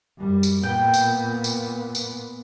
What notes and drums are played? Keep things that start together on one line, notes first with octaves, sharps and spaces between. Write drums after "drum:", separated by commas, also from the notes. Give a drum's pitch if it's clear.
F#2 G3
drum: tambourine
A#2 B3 G5
drum: tambourine
drum: tambourine
drum: tambourine